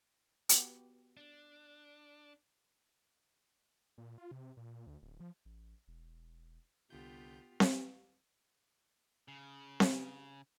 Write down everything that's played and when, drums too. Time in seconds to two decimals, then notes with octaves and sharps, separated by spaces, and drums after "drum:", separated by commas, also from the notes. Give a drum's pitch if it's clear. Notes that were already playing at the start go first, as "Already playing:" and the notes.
0.49 B3 F#4 G4, drum: hi-hat
1.17 D4
3.98 A#2
4.18 F4
4.31 C3
4.57 A#2
4.87 D2
5.02 D1
5.20 F3
5.45 A1
5.88 E1
6.90 C2 D3 B3 F4 G4 G6
7.60 drum: snare C4
9.28 C#3
9.80 drum: snare C4